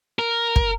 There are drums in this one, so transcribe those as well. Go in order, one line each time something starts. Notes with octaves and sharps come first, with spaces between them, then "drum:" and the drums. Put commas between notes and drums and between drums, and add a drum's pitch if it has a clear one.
A#4
drum: kick